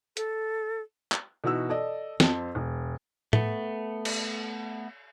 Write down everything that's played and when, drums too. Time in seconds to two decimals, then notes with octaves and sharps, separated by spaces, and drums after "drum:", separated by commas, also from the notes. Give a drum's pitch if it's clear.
0.17 A4, drum: hi-hat
1.12 drum: clap
1.44 B2 E3 D#4 F#4 E6
1.69 A4 D5 D#5
2.20 F2 C4 A5, drum: snare
2.55 E1
3.33 A3 B3, drum: tom A2
4.05 drum: cymbal